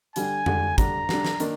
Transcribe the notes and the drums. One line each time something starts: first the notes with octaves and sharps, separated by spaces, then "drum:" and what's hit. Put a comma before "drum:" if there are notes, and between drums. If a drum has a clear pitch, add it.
D3 G3 D4 G#5, drum: hi-hat
D3 G3 D4, drum: tom F2
D3 G3 D4 A#5, drum: kick, hi-hat
D3 G3 D4, drum: snare
drum: snare
D#3 A#3 D4 A#4, drum: hi-hat